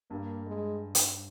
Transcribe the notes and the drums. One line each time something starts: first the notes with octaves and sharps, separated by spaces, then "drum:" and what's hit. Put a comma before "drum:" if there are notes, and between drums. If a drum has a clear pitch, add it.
G2 A#3
G#3
drum: hi-hat